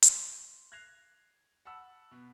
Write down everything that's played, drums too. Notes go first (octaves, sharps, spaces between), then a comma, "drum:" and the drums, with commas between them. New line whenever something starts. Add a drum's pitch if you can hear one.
C6, drum: hi-hat
F#6 G#6 A#6 C7 F7
F#5 A5 B5 E6
B2 B3